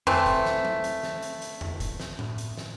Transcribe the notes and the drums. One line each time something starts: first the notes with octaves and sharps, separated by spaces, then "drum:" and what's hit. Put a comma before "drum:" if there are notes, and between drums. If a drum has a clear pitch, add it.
E3 A3 C4, drum: tom E2
drum: kick, hi-hat
drum: snare
drum: tom F#3
drum: hi-hat
drum: snare
drum: hi-hat
drum: hi-hat
drum: tom E2
drum: kick, hi-hat
drum: snare
drum: tom A2
drum: hi-hat
drum: snare